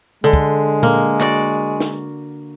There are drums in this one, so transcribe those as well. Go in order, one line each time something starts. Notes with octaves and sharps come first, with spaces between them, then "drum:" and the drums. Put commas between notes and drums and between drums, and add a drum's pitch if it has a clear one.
D3 G#3
drum: kick
A#3, drum: tom A#2
F#4 D5, drum: clap
drum: snare